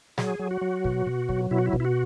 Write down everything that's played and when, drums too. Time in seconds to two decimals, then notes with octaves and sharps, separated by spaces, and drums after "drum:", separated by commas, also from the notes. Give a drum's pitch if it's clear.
0.18 F#3 G#4, drum: snare
0.39 F#3
0.51 F#4
0.61 F#3
0.84 B2, drum: kick
1.07 B2
1.29 F#3, drum: kick
1.51 B2 E4
1.58 F#4
1.66 E4
1.73 B2, drum: kick
1.80 E4
1.85 F#4